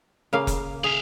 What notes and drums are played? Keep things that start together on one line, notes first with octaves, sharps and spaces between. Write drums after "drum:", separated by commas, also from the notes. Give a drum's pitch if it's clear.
C#3 A#3 F5
drum: kick F1, hi-hat
G#4 E5 F5